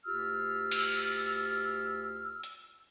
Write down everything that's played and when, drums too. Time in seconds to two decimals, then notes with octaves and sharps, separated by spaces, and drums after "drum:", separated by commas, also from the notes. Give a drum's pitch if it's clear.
0.05 D2 F4 G4 E6 F6
0.72 drum: cymbal
2.44 drum: hi-hat